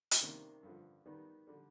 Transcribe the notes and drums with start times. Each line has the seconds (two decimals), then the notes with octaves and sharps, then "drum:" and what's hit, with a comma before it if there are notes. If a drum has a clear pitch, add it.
0.11 drum: hi-hat
0.21 C3 D#3 G3 A#3 D4
0.63 G2 D3 F3
1.05 D#3 G3 B3 D#4
1.47 D3 G3